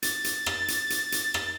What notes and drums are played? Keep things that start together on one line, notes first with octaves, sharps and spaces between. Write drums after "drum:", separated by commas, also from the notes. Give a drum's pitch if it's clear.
A6, drum: hi-hat
drum: hi-hat
drum: rim click
drum: hi-hat
drum: hi-hat
drum: hi-hat
drum: rim click